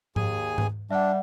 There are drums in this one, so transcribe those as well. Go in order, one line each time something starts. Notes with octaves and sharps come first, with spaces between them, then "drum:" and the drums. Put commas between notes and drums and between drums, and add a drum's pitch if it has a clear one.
D#2 G#4 G#5, drum: tom G#2
drum: tom G#2
G3 D4 E5 F#5